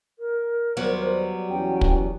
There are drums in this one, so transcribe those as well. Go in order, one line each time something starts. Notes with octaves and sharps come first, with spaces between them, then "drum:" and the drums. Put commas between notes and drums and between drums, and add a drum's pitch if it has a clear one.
A#4
D#2 F#3 G3 B3 C5 D5
E2 C#4 F#4 G5
drum: kick